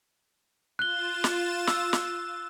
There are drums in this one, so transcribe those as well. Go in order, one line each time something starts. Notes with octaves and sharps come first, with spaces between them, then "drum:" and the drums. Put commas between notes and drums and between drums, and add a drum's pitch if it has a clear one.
F4 F#6 A6 E7 G7
drum: snare
E6, drum: snare
drum: snare